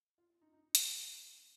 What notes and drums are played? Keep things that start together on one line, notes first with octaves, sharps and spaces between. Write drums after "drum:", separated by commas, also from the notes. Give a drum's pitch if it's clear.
F4
F4
D#4
D#4
drum: hi-hat